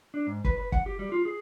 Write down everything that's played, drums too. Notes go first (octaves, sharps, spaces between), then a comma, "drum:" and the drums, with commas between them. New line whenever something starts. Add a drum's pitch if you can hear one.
D4
G#2
B4, drum: kick
B4
F#5, drum: kick
G4
G3
F4
G#4